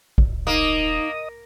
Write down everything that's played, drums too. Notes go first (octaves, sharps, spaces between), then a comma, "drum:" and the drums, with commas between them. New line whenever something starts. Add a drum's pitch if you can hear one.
D#1, drum: kick
A#3 D#4 D#5 D#6